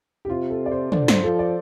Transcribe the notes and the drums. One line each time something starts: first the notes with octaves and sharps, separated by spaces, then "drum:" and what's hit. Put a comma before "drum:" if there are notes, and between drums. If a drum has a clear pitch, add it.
G4
C3 F4
A4
D5
C5
D3 D5, drum: tom
C5, drum: snare
F3 A4
D5